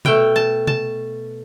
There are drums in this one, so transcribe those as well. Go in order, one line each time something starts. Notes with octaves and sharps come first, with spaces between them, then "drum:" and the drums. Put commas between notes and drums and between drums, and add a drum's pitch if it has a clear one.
B2 A3 G5, drum: tom C3
A5
A5, drum: tom C3